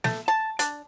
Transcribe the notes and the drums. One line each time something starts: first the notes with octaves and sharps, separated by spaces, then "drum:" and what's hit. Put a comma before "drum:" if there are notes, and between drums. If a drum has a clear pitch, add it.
A3, drum: snare
A5
D4, drum: hi-hat